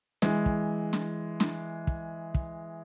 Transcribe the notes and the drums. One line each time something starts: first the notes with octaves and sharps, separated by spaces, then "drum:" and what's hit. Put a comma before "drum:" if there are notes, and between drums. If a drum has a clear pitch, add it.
E3 G#3, drum: snare
drum: kick
drum: snare
drum: snare
drum: kick
drum: kick